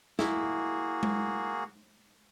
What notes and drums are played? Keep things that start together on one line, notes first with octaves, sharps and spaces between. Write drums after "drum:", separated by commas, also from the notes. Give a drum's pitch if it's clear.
A#3 E4 F#4 G#4, drum: snare
drum: tom G#3